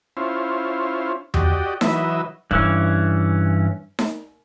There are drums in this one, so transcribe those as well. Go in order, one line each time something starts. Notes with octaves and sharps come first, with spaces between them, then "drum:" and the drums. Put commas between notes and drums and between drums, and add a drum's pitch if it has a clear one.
C#4 E4 F4 C5
F#4 G4 D5 D#5, drum: tom E2
E3 F#3 B4 D#5 E5, drum: snare D#4
G2 E3 C#4, drum: kick
drum: snare D#4